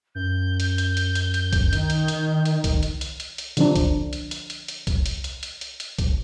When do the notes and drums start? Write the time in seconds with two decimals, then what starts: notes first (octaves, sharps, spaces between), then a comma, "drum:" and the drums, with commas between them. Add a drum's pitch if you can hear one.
0.15 F#2 G6
0.60 drum: hi-hat
0.78 drum: hi-hat
0.97 drum: hi-hat
1.15 drum: hi-hat
1.34 drum: hi-hat
1.53 drum: kick, hi-hat
1.73 D#3, drum: hi-hat
1.90 drum: hi-hat
2.08 drum: hi-hat
2.45 drum: hi-hat
2.64 drum: kick, hi-hat
2.83 drum: hi-hat
3.01 drum: hi-hat
3.20 drum: hi-hat
3.38 drum: hi-hat
3.57 D3 F3 D4, drum: hi-hat
3.76 drum: kick, hi-hat
4.13 drum: hi-hat
4.31 drum: hi-hat
4.50 drum: hi-hat
4.68 drum: hi-hat
4.87 drum: kick, hi-hat
5.06 drum: hi-hat
5.24 drum: hi-hat
5.43 drum: hi-hat
5.61 drum: hi-hat
5.80 drum: hi-hat
5.99 drum: kick, hi-hat